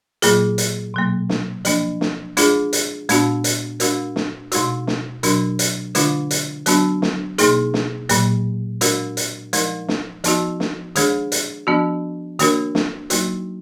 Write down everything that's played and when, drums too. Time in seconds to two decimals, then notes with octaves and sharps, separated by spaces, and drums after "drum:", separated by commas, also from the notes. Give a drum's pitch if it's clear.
0.22 A#2 F#3 A#3 F4 G#4, drum: hi-hat
0.58 drum: hi-hat
0.94 B2 F#3 A#3
1.29 drum: snare
1.65 F3 A#3 D4, drum: hi-hat
2.01 drum: snare
2.37 G#3 D4 F4 G#4, drum: hi-hat
2.73 drum: hi-hat
3.09 A#2 G#3 B3 D4 F#4, drum: hi-hat
3.44 drum: hi-hat
3.80 G#3 D4 F#4 A#4, drum: hi-hat
4.16 drum: snare
4.52 B2 G#3 D#4 F#4, drum: hi-hat
4.87 drum: snare
5.23 B2 F#3 D4 F#4 A#4, drum: hi-hat
5.59 drum: hi-hat
5.95 D3 G#3 D4 F4, drum: hi-hat
6.31 drum: hi-hat
6.66 F#3 B3 D4 F#4, drum: hi-hat
7.02 drum: snare
7.38 B2 A#3 D#4 G#4, drum: hi-hat
7.74 drum: snare
8.09 A#2 F#3 A#3, drum: hi-hat
8.81 G#3 D4 F#4 A#4, drum: hi-hat
9.17 drum: hi-hat
9.53 F3 G#3 D#4 A#4, drum: hi-hat
9.88 drum: snare
10.24 F3 B3 D#4 F#4, drum: hi-hat
10.60 drum: snare
10.96 D#3 G#3 D4 G#4, drum: hi-hat
11.32 drum: hi-hat
11.67 F3 B3 D4 F#4
12.39 D#3 A#3 D4 F#4 A#4, drum: hi-hat
12.75 drum: snare
13.10 F#3 A#3 D#4 F#4, drum: hi-hat